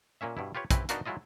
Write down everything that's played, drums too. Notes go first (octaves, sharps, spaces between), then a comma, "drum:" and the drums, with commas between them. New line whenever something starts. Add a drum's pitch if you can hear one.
A#2 A#3 C#4 E5
G2 B2 E4
F4 G4 B4 C#5
C4 C#4 E4 G4 B4, drum: kick, hi-hat
B3 D4 D#4 F#4 A#4 F5, drum: hi-hat
F#3 G#3 E4 F4 D#5